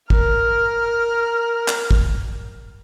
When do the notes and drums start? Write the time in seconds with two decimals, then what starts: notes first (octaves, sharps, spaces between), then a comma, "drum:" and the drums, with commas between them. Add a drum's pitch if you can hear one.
0.10 A#4 F6, drum: kick
1.68 drum: clap
1.91 drum: kick